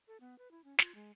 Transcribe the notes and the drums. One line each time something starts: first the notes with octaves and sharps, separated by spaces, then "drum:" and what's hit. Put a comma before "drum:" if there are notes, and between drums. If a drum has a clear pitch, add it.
A4
B3
B4
E4
C#4
F4, drum: snare
G#3